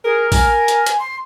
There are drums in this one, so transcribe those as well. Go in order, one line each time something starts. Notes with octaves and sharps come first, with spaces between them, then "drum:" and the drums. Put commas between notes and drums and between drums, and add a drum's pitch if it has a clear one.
G#4 A#4
G#5, drum: kick A1, open hi-hat
drum: hi-hat
drum: hi-hat
C6